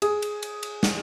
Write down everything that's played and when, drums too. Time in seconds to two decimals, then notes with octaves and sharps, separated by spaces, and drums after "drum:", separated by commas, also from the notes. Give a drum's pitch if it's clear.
0.02 G#4, drum: cymbal
0.22 drum: cymbal
0.43 drum: cymbal
0.63 drum: cymbal
0.83 drum: snare